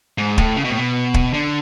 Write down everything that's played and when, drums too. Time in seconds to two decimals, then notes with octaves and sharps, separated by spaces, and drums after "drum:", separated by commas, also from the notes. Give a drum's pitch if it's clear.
0.18 G#2
0.38 A2, drum: kick
0.57 C#3
0.64 B2
0.70 A2
0.77 B2
1.14 drum: kick
1.33 D3